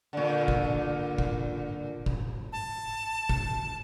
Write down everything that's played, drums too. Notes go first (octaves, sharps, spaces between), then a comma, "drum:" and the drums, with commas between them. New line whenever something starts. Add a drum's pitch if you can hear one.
A#2 D3
drum: kick F1
drum: kick F1
drum: kick F1
A5
drum: kick F1